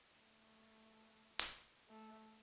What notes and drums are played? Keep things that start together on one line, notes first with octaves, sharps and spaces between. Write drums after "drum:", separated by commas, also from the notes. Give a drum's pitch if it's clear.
A3
drum: hi-hat
A3